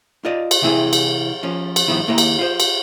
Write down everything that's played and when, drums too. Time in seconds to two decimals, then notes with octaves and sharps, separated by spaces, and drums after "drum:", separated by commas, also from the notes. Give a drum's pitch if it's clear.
0.25 F4 D5 D#5
0.51 drum: cymbal
0.62 C3 E3 C4 E4 G#4
0.93 drum: cymbal
1.43 F3 C#4
1.76 drum: cymbal
1.88 G2 D#3 F3 B3 E4
2.07 D#2 A#3 E4 A#5
2.18 drum: cymbal
2.39 F4 C5
2.60 drum: cymbal